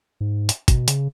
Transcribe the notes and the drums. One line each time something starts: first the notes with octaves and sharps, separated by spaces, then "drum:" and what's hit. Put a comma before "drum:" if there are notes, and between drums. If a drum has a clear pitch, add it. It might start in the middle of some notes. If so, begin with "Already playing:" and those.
G#2
drum: hi-hat
B2, drum: kick, hi-hat
C#3, drum: hi-hat